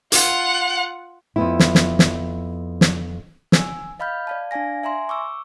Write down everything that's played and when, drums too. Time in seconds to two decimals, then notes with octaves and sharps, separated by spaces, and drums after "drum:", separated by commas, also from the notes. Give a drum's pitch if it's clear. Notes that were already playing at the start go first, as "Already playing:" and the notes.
0.12 F4 F#5, drum: hi-hat
1.36 F2 B3 E4
1.59 drum: snare
1.75 drum: snare
1.99 drum: snare
2.81 drum: snare
3.52 G#5 E6, drum: snare
4.00 D#5 F5 B5 F6 G6
4.27 D5 F5 A5
4.51 D4 D5 F5 G#5 A#6
4.83 E5 G#5 A#5 C6
5.09 C#6 D6 E6